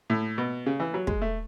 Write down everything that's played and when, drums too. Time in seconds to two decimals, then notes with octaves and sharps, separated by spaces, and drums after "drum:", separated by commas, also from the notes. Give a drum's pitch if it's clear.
0.10 A2
0.38 B2
0.66 C#3
0.80 E3
0.94 F#3
1.07 G#3, drum: kick
1.22 A3